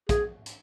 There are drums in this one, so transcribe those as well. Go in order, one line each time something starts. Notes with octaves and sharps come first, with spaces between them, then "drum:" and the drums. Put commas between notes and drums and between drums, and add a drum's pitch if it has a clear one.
G#4, drum: kick, hi-hat
drum: hi-hat